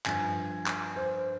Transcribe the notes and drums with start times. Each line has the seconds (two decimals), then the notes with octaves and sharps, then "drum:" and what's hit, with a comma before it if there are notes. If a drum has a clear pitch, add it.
0.06 G2 F3 G#5, drum: clap
0.66 drum: clap
0.96 C5